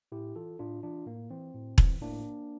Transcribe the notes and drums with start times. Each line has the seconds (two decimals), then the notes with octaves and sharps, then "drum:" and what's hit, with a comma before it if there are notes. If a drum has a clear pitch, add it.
0.12 A2 E4 G4
0.36 E3 F4 A4
0.59 A2 D4 F4
0.83 E3 D4 F4
1.06 A2 A#3
1.30 E3 C4
1.54 A2
1.78 E3, drum: kick E1
2.02 A2 A#3 D4